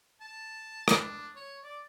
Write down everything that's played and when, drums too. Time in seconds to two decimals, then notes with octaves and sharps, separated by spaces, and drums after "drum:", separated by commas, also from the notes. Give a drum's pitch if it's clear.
0.21 A5
0.88 D4, drum: rim click
1.36 C#5
1.64 D5